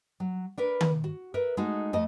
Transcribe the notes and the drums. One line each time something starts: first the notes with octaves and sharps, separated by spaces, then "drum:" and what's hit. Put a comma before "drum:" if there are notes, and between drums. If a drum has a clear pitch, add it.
F#3
D4 A#4 B4
drum: tom D#3
F#4
A#4 B4 E5
G#3 A3 D#4 F#4
F2 A3 D#5